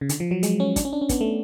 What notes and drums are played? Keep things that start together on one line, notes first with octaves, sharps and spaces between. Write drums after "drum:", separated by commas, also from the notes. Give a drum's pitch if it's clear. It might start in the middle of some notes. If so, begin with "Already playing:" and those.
C#3
D3, drum: hi-hat
F3
F#3
G#3, drum: hi-hat
C#4
D4, drum: kick, hi-hat
C#4
D4
C#4
B3, drum: kick, hi-hat
A3